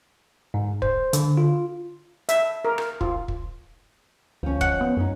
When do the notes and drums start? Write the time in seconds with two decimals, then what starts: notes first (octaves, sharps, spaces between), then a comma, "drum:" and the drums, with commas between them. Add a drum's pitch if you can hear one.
0.54 G#2
0.82 C5, drum: kick
1.13 D3, drum: hi-hat
1.37 F4
2.29 E5, drum: hi-hat
2.65 A#4
2.78 drum: rim click
3.01 F4, drum: kick
3.28 drum: kick
4.43 D2 F3 C#4
4.61 F#5, drum: kick
4.81 B3
4.97 F#2 C#4 D#4